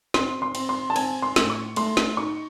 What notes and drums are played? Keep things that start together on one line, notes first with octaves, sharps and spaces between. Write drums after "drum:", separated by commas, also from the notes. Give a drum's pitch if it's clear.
C4 C6, drum: snare
C6
C4, drum: cymbal
C6
A5
C4 G#5, drum: cymbal
C6
A2, drum: snare
C#6
A3 C6, drum: cymbal
drum: snare
D#4 C#6